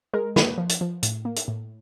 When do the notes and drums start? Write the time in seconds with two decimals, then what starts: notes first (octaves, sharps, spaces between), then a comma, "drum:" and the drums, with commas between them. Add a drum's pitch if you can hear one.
0.13 G#3 A#4
0.36 A#3 B4, drum: snare
0.58 F3
0.69 drum: hi-hat
0.81 F3
1.03 A2, drum: hi-hat
1.25 A#3
1.36 drum: hi-hat
1.48 A2